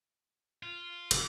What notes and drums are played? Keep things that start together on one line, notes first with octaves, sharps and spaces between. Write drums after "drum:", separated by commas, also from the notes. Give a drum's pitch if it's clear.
F4
F1 C3, drum: cymbal